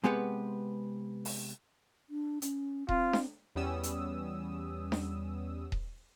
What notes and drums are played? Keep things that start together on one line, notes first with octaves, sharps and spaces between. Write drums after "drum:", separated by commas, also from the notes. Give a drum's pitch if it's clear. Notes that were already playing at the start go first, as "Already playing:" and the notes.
C3 G#3 B3 G4 B4 F#5
drum: open hi-hat
D4
C#4, drum: hi-hat
C4 F4, drum: kick D#1
drum: snare D4
E2 G3 B3 C#4 D#6 E6
drum: hi-hat
drum: snare D4
drum: kick D#1